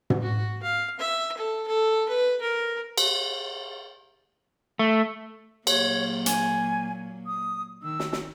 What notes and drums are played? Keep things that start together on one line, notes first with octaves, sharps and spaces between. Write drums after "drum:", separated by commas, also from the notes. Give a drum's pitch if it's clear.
drum: tom
F#4
F5
E5
A4
A4
B4
A#4
drum: cymbal
A3
A#2 F#3 A#3 C#5, drum: cymbal
G#5, drum: hi-hat
D#6
D#3 E6
drum: snare
drum: snare